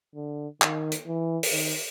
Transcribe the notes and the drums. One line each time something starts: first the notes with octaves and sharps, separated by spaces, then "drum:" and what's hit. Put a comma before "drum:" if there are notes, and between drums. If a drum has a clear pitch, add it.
D3
D#3, drum: clap
drum: hi-hat
E3
drum: open hi-hat
D#3